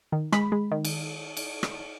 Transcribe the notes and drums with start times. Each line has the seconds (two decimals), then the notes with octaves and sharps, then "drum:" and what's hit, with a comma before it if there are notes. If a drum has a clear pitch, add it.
0.12 D#3
0.32 G#3 B5, drum: rim click
0.52 G#3
0.72 D#3
0.85 drum: cymbal
1.37 drum: cymbal
1.63 drum: rim click